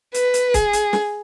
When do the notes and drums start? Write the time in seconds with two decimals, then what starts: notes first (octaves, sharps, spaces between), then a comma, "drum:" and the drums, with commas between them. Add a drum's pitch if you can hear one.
0.14 B4, drum: hi-hat
0.34 drum: hi-hat
0.54 G#4, drum: kick, hi-hat
0.73 drum: hi-hat
0.93 drum: snare